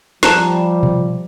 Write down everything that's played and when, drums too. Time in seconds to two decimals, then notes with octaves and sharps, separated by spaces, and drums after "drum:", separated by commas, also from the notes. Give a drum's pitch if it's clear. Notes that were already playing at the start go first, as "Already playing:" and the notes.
0.23 F3 G3 A5 A#5 F#6, drum: snare
0.83 drum: tom B2